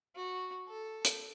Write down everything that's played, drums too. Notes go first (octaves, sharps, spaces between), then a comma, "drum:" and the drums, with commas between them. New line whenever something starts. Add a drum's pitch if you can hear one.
F#4
A4
drum: hi-hat